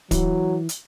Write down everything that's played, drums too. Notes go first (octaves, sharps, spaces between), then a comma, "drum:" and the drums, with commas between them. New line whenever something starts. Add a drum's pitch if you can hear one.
E3 F#3, drum: kick, hi-hat
drum: hi-hat